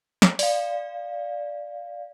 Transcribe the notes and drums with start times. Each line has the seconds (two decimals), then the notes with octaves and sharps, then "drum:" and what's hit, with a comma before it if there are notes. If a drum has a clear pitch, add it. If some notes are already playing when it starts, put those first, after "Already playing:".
0.22 drum: snare
0.39 D5 F5, drum: open hi-hat